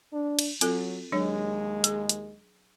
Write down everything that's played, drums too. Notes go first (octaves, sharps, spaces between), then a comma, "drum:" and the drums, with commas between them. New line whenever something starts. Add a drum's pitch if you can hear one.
D4
drum: cymbal
F#3 C4 F4 A4, drum: hi-hat
D#2 F#3 G#3 D4 C#5
G#4, drum: hi-hat
drum: hi-hat